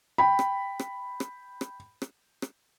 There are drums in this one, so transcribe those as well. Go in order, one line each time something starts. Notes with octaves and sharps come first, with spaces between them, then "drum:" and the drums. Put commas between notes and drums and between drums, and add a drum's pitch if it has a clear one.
G5 B5
drum: rim click
drum: rim click
drum: rim click
drum: rim click
drum: rim click
drum: rim click